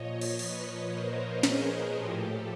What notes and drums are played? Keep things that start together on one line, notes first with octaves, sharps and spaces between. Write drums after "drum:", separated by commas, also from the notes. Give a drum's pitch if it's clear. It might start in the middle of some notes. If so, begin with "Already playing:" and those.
Already playing: A#2 F3 C#5 D#5
drum: cymbal
B4 C#5, drum: cymbal
A#4 C5
G#4 A#4, drum: snare
A2 F3 G4 A4